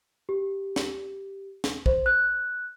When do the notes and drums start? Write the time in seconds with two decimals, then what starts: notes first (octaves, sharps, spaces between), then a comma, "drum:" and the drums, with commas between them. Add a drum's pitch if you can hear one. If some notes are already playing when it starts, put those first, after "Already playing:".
0.29 G4
0.76 drum: snare
1.64 drum: snare
1.86 C5, drum: kick
2.06 F#6